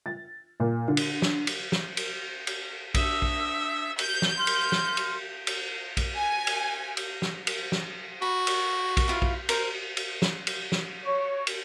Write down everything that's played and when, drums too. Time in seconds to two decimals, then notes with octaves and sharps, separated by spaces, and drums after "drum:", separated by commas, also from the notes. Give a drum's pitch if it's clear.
0.06 A6
0.60 A#2
0.88 D3
0.97 drum: cymbal
1.22 drum: snare
1.47 drum: cymbal
1.72 drum: snare
1.97 drum: cymbal
2.47 drum: cymbal
2.95 D4 E5 D#6 E6, drum: kick A#1, cymbal
3.22 drum: kick A#1
3.99 G6, drum: cymbal
4.22 drum: snare
4.37 C6 F6
4.47 drum: cymbal
4.72 drum: snare
4.97 drum: cymbal
5.47 drum: cymbal
5.97 drum: kick A#1, cymbal
6.16 G#5
6.47 drum: cymbal
6.97 drum: cymbal
7.22 drum: snare
7.47 drum: cymbal
7.72 drum: snare
8.22 F#4 B5
8.47 drum: cymbal
8.97 drum: kick A#1, cymbal
9.08 E4 F4 F5
9.22 drum: kick A#1
9.49 A#4 C5, drum: cymbal
9.97 drum: cymbal
10.22 drum: snare
10.47 drum: cymbal
10.72 drum: snare
11.05 C#5
11.47 drum: cymbal